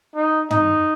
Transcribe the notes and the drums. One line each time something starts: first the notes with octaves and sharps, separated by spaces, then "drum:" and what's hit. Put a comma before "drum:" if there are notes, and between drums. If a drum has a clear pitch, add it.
D#4
D#4, drum: tom